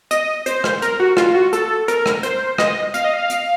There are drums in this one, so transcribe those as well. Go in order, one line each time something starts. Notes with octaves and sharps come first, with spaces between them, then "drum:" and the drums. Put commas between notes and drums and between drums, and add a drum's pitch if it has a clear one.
D#5, drum: hi-hat
C5, drum: hi-hat
drum: rim click
A#4, drum: hi-hat
F#4
F4, drum: rim click
F#4
A4, drum: hi-hat
A#4, drum: hi-hat
drum: rim click
C5, drum: hi-hat
D#5, drum: rim click
F5, drum: hi-hat
D#5
F5
drum: hi-hat